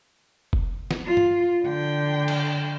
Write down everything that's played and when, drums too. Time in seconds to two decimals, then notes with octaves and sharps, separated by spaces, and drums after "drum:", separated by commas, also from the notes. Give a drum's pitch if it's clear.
0.53 drum: kick F1
0.91 drum: snare
1.06 F4
1.17 drum: tom G2
1.63 D3 G5
2.28 drum: cymbal